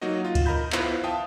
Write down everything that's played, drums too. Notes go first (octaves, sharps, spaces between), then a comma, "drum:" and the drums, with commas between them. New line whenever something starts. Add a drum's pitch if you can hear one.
F#3 A#3 D#4 F#4 D#5
F4
drum: kick C#2, cymbal
A#4 D#5 A#5 B5 G6
B3 E4 F4 B4 C5, drum: clap
E5 F5 G5 A5 D#6